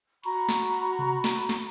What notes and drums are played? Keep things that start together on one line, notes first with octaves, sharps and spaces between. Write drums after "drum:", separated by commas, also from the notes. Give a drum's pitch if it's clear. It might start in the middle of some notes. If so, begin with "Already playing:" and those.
F#4 A#5 B5 C#6, drum: cymbal
drum: snare
drum: cymbal
drum: tom C3
drum: snare
drum: snare